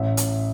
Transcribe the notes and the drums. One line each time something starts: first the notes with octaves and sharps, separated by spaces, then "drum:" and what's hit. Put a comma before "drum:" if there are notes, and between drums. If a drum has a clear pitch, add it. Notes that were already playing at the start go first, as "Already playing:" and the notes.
Already playing: A1 E5
drum: hi-hat